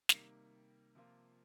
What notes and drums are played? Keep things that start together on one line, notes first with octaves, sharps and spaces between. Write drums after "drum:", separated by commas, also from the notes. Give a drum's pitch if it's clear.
C3 D#3 G3 A#3, drum: snare
C3 F3 A#3 F4